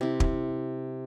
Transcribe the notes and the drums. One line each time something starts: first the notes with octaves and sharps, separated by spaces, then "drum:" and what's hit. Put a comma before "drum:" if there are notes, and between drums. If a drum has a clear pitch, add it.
C3 E4
drum: kick